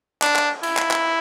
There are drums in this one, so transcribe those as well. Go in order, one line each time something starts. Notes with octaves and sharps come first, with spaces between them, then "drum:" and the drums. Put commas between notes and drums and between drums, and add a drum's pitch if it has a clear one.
D4, drum: clap
drum: clap
E4, drum: cymbal
drum: clap
drum: clap